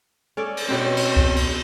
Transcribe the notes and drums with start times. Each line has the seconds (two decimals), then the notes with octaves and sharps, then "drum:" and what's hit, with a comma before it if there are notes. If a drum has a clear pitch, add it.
0.37 C#4 A4 D5
0.57 drum: cymbal
0.69 B2 C4 C#4 G4 C#5
0.97 drum: cymbal
1.16 drum: kick C#2
1.36 drum: cymbal